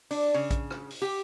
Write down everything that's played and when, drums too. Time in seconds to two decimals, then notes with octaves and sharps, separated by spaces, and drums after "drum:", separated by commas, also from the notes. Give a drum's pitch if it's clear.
0.11 D4, drum: open hi-hat
0.34 C#3
0.51 drum: kick A#1, hi-hat
0.71 drum: rim click
0.90 drum: open hi-hat
1.02 G4